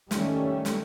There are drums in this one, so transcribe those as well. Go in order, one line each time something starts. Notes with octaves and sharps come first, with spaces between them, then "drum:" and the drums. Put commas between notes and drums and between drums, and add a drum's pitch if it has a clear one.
D#3 G3 A3 C#4, drum: snare
drum: snare